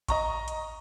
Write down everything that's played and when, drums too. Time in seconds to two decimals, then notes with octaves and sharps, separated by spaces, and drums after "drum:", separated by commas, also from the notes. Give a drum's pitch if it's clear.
0.08 D#5 A#5 C#6, drum: kick A1, hi-hat
0.48 drum: hi-hat